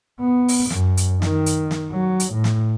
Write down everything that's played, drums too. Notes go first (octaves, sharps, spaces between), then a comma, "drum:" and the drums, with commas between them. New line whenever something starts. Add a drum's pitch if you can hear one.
B3
drum: open hi-hat
F#2, drum: snare
drum: hi-hat
D#3, drum: snare
drum: hi-hat
drum: snare
F#3
drum: hi-hat
A2
drum: snare